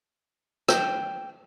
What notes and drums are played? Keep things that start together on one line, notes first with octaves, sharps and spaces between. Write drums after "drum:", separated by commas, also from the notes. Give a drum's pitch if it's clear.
G5, drum: rim click